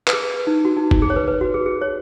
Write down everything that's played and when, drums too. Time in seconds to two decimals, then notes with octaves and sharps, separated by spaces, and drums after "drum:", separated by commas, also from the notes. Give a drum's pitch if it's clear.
0.08 B4, drum: clap
0.13 G#4
0.47 D#4
0.65 F#4
0.77 D#4
0.91 drum: kick
1.02 G#4
1.10 C#5
1.16 B4
1.28 B4
1.41 F#4
1.54 G#4
1.66 G#4
1.81 C#5